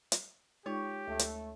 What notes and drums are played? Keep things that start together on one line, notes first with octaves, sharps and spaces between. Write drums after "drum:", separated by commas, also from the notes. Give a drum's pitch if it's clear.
drum: hi-hat
G#3 D#4 F4 G4 C#5
D2 A3
drum: hi-hat